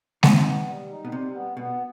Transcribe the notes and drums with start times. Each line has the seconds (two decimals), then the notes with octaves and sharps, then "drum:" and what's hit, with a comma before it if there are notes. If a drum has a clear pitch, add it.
0.23 C3 D#4, drum: snare G#3
0.46 B3
0.67 G3
0.90 D#4
1.05 B2
1.12 C3 G3
1.34 B3
1.57 B2 B3